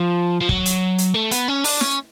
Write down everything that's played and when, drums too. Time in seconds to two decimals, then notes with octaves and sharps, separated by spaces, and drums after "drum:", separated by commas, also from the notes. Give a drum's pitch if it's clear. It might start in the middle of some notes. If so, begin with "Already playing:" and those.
Already playing: F3
0.41 F3
0.49 F#3, drum: kick
0.65 drum: hi-hat
0.98 drum: hi-hat
1.14 A3
1.31 B3, drum: hi-hat
1.48 C#4
1.64 D4, drum: open hi-hat
1.81 C#4, drum: snare